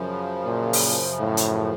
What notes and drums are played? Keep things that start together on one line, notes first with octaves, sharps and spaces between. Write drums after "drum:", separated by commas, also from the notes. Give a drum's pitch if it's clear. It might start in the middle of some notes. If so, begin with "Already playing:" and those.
Already playing: F#2 C#3 F3
A#2
drum: open hi-hat
A2
drum: hi-hat